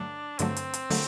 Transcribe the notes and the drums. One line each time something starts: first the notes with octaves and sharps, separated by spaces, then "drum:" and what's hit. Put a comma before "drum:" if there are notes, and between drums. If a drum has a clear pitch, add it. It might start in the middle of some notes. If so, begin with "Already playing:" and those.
Already playing: G2 D3 F#3 A3 D4
G2 D3 F#3 A3 C4, drum: hi-hat
drum: hi-hat
drum: hi-hat
D3 F#3 A3, drum: open hi-hat